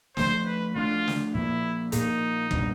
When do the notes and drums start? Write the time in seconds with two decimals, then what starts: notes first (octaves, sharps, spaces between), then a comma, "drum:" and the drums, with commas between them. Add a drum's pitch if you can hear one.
0.17 F3 A3 D4 C5, drum: snare
0.46 B4
0.75 F3 A3 D4 F4
1.08 drum: snare
1.34 A#2 F3 A#3 E4
1.92 A#2 F3 A#3 D#4, drum: hi-hat
2.51 A#2 G3 B3 D4, drum: kick